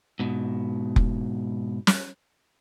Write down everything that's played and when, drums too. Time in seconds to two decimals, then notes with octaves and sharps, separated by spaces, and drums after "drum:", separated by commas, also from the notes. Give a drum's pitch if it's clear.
0.19 G#2 B2
0.96 drum: kick F1
1.87 drum: snare